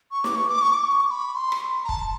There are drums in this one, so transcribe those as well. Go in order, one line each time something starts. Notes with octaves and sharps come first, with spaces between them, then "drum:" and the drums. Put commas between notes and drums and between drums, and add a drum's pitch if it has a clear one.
C#6
D6, drum: snare
C#6
D6
C#6
D6
C#6
B5
C6
drum: rim click
A#5
A5, drum: kick